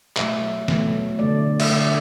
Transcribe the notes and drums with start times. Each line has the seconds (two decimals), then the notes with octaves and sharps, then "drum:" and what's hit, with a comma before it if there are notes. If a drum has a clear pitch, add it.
0.17 B2 F#3 A3 E5, drum: clap
0.68 B2 F#3 A3, drum: snare
1.19 D3 A3 D5
1.60 E5, drum: cymbal
1.70 D3 A3 D5